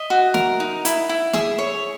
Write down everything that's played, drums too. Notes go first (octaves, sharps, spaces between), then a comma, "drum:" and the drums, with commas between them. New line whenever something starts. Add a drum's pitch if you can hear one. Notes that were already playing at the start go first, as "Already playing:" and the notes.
Already playing: D#5 E5
F#4
A#4, drum: snare
D#4
E4, drum: hi-hat
E4
G#4 E5, drum: snare
C#5